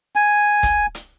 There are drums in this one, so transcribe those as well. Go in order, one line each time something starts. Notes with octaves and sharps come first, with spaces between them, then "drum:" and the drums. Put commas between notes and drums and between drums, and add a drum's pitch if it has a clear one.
G#5
drum: kick, hi-hat
drum: hi-hat